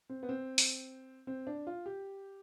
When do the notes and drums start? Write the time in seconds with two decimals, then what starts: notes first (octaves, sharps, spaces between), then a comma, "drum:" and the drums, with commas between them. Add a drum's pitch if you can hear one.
0.09 C4
0.23 B3
0.29 C4
0.58 drum: open hi-hat
1.27 C4
1.47 D4
1.67 F4
1.86 G4